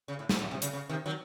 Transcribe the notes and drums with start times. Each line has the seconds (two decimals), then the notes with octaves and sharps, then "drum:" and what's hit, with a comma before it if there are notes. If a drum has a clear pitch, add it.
0.08 C#3
0.19 A2
0.29 G#2, drum: snare
0.41 A2
0.51 C3
0.62 C#3, drum: hi-hat
0.73 C#3
0.89 C3 D#3
1.06 D#3 F#3